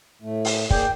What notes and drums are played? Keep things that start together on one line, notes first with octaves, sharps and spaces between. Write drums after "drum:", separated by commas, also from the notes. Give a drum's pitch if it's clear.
A2 A3
drum: open hi-hat
A#3 G#4 D5 G5, drum: kick